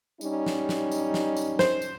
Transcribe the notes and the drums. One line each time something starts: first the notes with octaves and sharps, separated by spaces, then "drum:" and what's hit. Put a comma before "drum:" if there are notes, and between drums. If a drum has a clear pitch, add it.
G3 C#4 D#4, drum: tambourine
drum: snare
drum: snare
drum: tambourine
drum: snare
drum: tambourine
C5, drum: snare
drum: tambourine